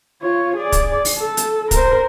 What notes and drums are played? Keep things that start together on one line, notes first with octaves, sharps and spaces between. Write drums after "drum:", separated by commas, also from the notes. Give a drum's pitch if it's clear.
F4 C#5
G#4 D5
drum: kick, hi-hat
drum: open hi-hat
A4
drum: hi-hat
A#4 C5, drum: kick, hi-hat